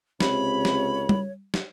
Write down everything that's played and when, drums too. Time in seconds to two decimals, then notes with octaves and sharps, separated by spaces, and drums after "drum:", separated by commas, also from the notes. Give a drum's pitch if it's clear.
0.20 C#2 C3 C#5 B5, drum: snare
0.65 drum: snare
1.09 drum: tom G3
1.54 drum: snare